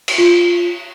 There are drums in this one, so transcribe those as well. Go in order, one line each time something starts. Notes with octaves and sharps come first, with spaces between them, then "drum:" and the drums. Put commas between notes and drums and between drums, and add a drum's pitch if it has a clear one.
drum: cymbal
F4